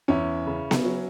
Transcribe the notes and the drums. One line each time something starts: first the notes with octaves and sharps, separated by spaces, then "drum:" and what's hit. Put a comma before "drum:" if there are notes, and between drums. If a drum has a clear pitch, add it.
E2 C#4 E4
C#3
drum: snare B3
F#3